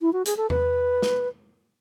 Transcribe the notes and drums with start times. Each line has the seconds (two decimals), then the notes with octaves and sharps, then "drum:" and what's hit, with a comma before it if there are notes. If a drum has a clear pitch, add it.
0.00 E4
0.13 F#4
0.26 G#4, drum: hi-hat
0.37 A4
0.50 B4, drum: tom E2
1.02 drum: snare